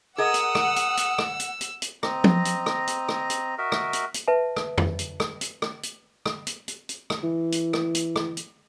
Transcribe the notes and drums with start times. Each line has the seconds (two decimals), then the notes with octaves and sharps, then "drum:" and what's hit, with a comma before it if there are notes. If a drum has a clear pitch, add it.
0.18 G#4 A#4 D#5 F#5 D#6 E6
0.34 drum: hi-hat
0.55 drum: rim click
0.76 drum: hi-hat
0.97 drum: hi-hat
1.18 drum: rim click
1.40 drum: hi-hat
1.61 drum: hi-hat
1.82 drum: hi-hat
2.03 C4 D#5 A#5, drum: rim click
2.24 drum: tom F3
2.45 drum: hi-hat
2.66 drum: rim click
2.87 drum: hi-hat
3.09 drum: rim click
3.30 drum: hi-hat
3.58 F#4 A#4 D#5 E5
3.72 drum: rim click
3.93 drum: hi-hat
4.14 drum: hi-hat
4.28 B4 E5 A5
4.56 drum: rim click
4.78 drum: tom F2
4.99 drum: hi-hat
5.20 drum: rim click
5.41 drum: hi-hat
5.62 drum: rim click
5.83 drum: hi-hat
6.26 drum: rim click
6.47 drum: hi-hat
6.68 drum: hi-hat
6.89 drum: hi-hat
7.10 drum: rim click
7.23 E3
7.52 drum: hi-hat
7.73 drum: rim click
7.95 drum: hi-hat
8.16 drum: rim click
8.37 drum: hi-hat